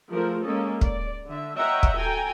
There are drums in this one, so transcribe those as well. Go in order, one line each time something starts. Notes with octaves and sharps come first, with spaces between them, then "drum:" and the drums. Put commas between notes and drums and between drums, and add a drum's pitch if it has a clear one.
F3 A3 G#4 A#4 C5
G#3 A#3 C#4 A4 D#5
D5, drum: kick
D3 E5
C#5 D#5 E5 F#5 G5 A#5
drum: kick
F#4 A4 G5 G#5 A#5